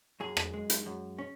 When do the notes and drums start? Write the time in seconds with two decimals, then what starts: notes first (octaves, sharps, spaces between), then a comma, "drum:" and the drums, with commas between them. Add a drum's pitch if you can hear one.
0.20 F#2 G#4
0.37 drum: rim click
0.54 G#3
0.70 drum: hi-hat
0.86 F#2
1.18 C#4